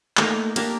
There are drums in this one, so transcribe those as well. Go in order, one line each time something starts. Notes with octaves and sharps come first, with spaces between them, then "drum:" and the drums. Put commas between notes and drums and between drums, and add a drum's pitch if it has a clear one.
A3 A#3 D#4 A#4, drum: clap
A#3 D4 G4 A#4, drum: cymbal